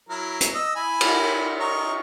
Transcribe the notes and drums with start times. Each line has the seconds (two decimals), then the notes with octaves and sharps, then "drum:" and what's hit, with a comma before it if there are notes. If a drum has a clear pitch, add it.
0.09 F#3 E4 A#4
0.41 drum: hi-hat
0.54 D#5 E6
0.76 E4 G#5 B5
1.01 drum: cymbal
1.60 D#5 A#5 C#6